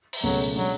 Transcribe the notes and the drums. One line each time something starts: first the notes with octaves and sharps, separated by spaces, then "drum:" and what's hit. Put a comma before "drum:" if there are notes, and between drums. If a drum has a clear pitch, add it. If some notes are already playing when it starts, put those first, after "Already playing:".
drum: open hi-hat
C#2 B2 F#3 A3 C#4
B2 F#3 G#3 D4